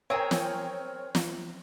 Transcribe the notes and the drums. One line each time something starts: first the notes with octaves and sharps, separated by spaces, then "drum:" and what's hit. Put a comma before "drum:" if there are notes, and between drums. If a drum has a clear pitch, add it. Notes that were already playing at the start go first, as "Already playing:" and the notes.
C4 G#4 A#4 C#5 G5
drum: snare
drum: snare